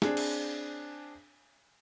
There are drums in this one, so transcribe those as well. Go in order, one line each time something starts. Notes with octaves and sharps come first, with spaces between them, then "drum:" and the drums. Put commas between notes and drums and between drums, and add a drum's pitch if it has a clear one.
C4 D4 G#4, drum: snare
drum: cymbal